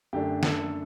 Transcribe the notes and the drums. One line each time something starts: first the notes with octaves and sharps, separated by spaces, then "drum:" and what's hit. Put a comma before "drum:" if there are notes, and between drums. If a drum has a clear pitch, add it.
F#2 D3 A3 D4 G4
A4, drum: snare